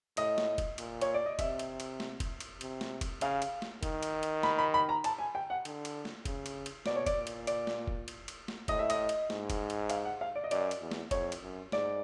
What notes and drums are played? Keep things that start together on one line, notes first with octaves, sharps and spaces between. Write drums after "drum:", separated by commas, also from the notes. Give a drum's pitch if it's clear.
A2 D#5, drum: cymbal
drum: snare
drum: kick F1, cymbal
A#2, drum: cymbal
C#5, drum: cymbal
D5
D#5
C3 E5, drum: kick F1, cymbal
drum: cymbal
drum: cymbal
drum: snare
drum: kick F1, cymbal
drum: cymbal
C3, drum: cymbal
drum: snare
drum: kick F1, cymbal
C#3 F5, drum: cymbal
drum: cymbal
drum: snare
D#3, drum: kick F1, cymbal
drum: cymbal
drum: cymbal
B5, drum: snare
B5
B5
A#5
A5, drum: cymbal
G#5
G5
F#5
D3, drum: cymbal
drum: cymbal
drum: snare
C#3, drum: kick F1, cymbal
drum: cymbal
drum: cymbal
B2 D5, drum: snare
C#5
D5, drum: kick F1, cymbal
A#2
drum: cymbal
D5, drum: cymbal
drum: snare
drum: kick F1
drum: cymbal
drum: cymbal
drum: snare
A2 D#5, drum: kick F1, cymbal
E5
D#5, drum: cymbal
drum: cymbal
G#2, drum: snare
drum: kick F1, cymbal
drum: cymbal
F5, drum: cymbal
F#5
F5
D5
D#5
F#2 D5, drum: cymbal
drum: cymbal
E2
drum: snare
F2 C#5, drum: kick F1, cymbal
drum: cymbal
F#2
G#2 D5, drum: snare